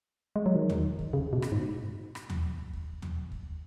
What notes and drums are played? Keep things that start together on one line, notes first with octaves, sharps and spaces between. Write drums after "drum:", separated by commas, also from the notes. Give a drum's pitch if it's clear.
G#3
F#3
D#3
drum: tom D#2
drum: kick
C#3
B2
drum: rim click
G#2
drum: rim click
drum: tom D#2
drum: kick
drum: tom D#2
drum: kick